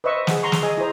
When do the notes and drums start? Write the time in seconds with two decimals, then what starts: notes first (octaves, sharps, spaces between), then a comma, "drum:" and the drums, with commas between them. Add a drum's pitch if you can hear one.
0.04 B4 C5 D#5 E5 C#6
0.27 G#4 F#5, drum: snare
0.43 A#5 C6 C#6
0.52 drum: snare
0.63 G#4 D#5 G#5
0.77 E4 G#4 C5 A#5